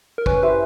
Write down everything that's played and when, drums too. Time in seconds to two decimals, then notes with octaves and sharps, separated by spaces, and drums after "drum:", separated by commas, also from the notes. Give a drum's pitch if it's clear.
0.18 A#4
0.26 C#4 B4, drum: kick
0.43 E4 G4 B4 C5